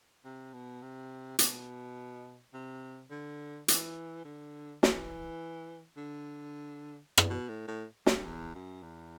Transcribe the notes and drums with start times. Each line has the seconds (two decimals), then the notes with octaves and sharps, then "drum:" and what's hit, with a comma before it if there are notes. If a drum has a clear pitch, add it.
0.24 C3
0.53 B2
0.82 C3
1.39 B2, drum: hi-hat
2.54 C3
3.10 D3
3.68 E3, drum: hi-hat
4.25 D3
4.83 E3, drum: snare
5.97 D3
7.18 drum: rim click
7.30 B2
7.49 A2
7.68 A2
8.06 G2, drum: snare
8.25 E2
8.55 F#2
8.83 E2